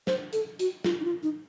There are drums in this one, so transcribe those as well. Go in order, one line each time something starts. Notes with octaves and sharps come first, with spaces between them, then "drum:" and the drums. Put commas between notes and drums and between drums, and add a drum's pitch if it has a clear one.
C5, drum: snare
A4, drum: hi-hat
F#4, drum: hi-hat
F4, drum: snare
D#4
F4
D#4